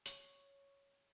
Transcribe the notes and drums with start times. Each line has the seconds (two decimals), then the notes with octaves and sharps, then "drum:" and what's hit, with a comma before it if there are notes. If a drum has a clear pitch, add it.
0.06 C#5, drum: hi-hat